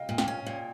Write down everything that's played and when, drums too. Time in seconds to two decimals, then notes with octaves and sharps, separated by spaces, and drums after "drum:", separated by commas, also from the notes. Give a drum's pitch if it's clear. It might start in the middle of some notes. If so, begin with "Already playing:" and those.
Already playing: D#5 F5 G5
0.09 A#2
0.18 G5, drum: snare
0.28 C#4
0.46 A#2